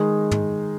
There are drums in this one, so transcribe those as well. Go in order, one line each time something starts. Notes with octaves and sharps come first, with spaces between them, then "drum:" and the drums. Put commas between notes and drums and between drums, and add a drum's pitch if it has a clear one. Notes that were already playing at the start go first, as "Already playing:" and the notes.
Already playing: D#3 G#3 D#4 G#4
drum: tom